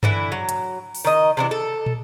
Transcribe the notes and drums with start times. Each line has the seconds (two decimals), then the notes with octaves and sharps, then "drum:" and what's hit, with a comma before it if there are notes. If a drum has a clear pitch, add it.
0.03 D3 E3 E4, drum: tom G2
0.32 F#3
0.49 drum: hi-hat
0.95 drum: open hi-hat
1.05 D#3 D#5
1.37 C3 E3 D4
1.51 A4
1.86 drum: tom